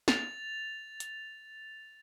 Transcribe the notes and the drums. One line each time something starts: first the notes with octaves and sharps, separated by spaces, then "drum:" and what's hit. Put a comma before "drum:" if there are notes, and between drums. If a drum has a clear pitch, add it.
A6 F7, drum: snare
drum: hi-hat